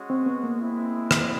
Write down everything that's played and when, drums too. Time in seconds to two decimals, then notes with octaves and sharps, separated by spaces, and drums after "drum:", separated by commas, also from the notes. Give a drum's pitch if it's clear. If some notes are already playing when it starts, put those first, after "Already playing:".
Already playing: G#3 C#4 F#4
0.10 C4
0.26 B3
0.44 A#3
0.60 G#3 C4 E4
1.11 drum: rim click